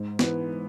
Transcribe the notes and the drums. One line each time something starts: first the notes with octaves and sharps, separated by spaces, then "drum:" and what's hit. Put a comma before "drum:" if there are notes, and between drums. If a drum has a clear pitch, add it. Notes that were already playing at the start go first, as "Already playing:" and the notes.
Already playing: G#2
E3 B3, drum: snare